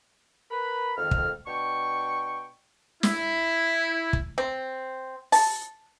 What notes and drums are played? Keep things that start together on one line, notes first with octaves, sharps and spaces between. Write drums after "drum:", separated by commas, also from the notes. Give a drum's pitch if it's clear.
A#4 B4 B5
F2 G#2 D#3 A4 F6
drum: kick
B2 D4 G5 C#6
E4, drum: snare
drum: kick
C4
A5, drum: open hi-hat